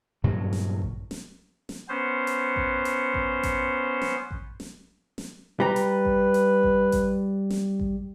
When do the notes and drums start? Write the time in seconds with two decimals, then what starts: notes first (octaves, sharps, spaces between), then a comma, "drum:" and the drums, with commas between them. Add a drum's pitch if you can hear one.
0.24 G2 A#2 C#3 F#3
0.53 drum: snare
0.82 drum: kick A1
1.11 drum: snare
1.69 drum: snare
1.89 B3 C#4 C5
2.27 drum: hi-hat
2.56 drum: kick A1
2.85 drum: hi-hat
3.14 drum: kick A1
3.43 drum: kick A1, hi-hat
4.02 drum: snare
4.31 drum: kick A1
4.60 drum: snare
5.18 drum: snare
5.60 G3 B4 A#5
5.76 drum: hi-hat
6.05 drum: kick A1
6.34 drum: hi-hat
6.63 drum: kick A1
6.92 drum: kick A1, hi-hat
7.50 drum: snare
7.80 drum: kick A1